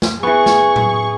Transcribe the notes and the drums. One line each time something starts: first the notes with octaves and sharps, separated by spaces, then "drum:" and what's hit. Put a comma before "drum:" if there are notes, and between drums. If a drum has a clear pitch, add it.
drum: snare
E3 B3 G#4 C#6
drum: snare
drum: tom A2